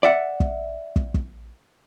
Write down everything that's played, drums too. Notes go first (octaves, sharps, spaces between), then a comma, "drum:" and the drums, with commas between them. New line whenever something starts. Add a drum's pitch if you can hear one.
D5 E5 F#5
drum: kick
drum: kick
drum: kick